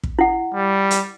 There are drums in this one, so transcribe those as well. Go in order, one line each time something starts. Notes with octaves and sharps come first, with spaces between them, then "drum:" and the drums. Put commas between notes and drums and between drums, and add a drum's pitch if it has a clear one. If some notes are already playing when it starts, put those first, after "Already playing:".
drum: kick
E4 F#5
G3
drum: hi-hat